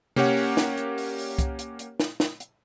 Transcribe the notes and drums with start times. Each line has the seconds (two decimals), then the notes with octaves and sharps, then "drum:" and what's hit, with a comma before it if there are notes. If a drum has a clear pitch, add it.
0.16 A#3 C#4 G4 A#4 C#5 F#5, drum: tom C3
0.37 drum: open hi-hat
0.57 drum: snare
0.77 drum: hi-hat
0.98 drum: open hi-hat
1.18 drum: open hi-hat
1.38 drum: kick C2, hi-hat
1.59 drum: hi-hat
1.79 drum: hi-hat
2.00 drum: snare
2.20 drum: snare
2.40 drum: hi-hat